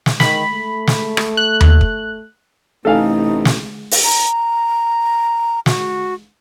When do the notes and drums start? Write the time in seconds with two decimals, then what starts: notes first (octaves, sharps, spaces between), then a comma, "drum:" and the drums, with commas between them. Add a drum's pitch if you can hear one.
0.06 drum: snare
0.20 D#3 B5, drum: snare
0.52 A3
0.87 drum: snare
1.17 drum: rim click
1.37 F#6
1.61 drum: tom D#2
1.81 drum: kick
2.85 A1 C3 A3 D#4 A4 F5 G#5
3.45 drum: snare
3.91 drum: open hi-hat
4.04 A#5
5.66 F#4, drum: snare